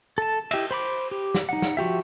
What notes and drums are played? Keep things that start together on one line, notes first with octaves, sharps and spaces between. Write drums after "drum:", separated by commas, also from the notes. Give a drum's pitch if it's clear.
A4 A5
E4 G4 D#5 E5, drum: cymbal
C5 B5 D6
G4
drum: snare
D#4 F#5
drum: snare
F3 F#4 G4 E5